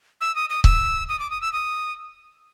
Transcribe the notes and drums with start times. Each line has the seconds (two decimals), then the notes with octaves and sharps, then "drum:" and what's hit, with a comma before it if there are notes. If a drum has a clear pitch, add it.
0.21 E6
0.36 D#6
0.50 D#6
0.64 E6, drum: kick C#1
1.09 D#6
1.19 D6
1.31 D#6
1.41 E6
1.53 D#6